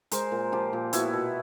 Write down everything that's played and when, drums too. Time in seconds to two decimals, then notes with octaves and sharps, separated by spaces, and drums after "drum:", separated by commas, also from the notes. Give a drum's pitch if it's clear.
0.11 G#3 A#4 C5, drum: hi-hat
0.32 A#2
0.52 F3 F4 G4
0.73 A#2
0.93 B3 E4 F#4, drum: hi-hat
1.13 B2